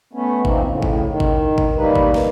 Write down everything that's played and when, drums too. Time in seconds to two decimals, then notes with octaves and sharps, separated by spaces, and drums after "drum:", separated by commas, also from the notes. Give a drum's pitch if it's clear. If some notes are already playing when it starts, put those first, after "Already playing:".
0.13 A3 B3 C#4
0.45 E3 F3 A#3 C4 D#4, drum: kick G1
0.67 A2 C#3
0.83 drum: kick G1
1.08 D#3
1.20 drum: kick G1
1.58 drum: kick G1
1.77 D#3 G3 A#3 D#4 B4
1.96 drum: kick G1
2.14 drum: snare